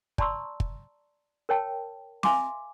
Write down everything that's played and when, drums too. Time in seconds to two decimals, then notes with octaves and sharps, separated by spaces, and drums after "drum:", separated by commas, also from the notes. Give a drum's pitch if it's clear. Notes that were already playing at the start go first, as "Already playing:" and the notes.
0.18 D5 A5 A#5 C6 C#6 E6, drum: kick
0.60 drum: kick
1.49 A#4 C#5 G5 A5
2.23 E5 F5 G#5 C6 D6, drum: snare C4